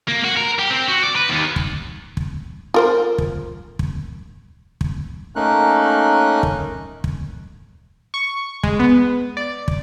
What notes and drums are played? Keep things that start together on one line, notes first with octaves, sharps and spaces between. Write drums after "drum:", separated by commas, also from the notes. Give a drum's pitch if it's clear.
A#3
F#4
A#4
G4
C4
F#4
D5
B4
D#2
drum: kick
drum: kick
F4 A#4 C5
drum: kick
drum: kick
drum: kick
A3 A#3 C#4 D#4 A#4 F#6
drum: kick
drum: kick
C#6
G#3, drum: kick
B3
D5
drum: kick